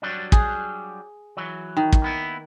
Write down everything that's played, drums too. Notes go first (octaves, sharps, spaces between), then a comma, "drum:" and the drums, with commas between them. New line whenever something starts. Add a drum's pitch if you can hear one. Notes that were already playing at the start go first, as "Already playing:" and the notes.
F#3 G3 D4
G#4, drum: kick
E3 F#3
D#3
drum: kick
A#3 B3 E4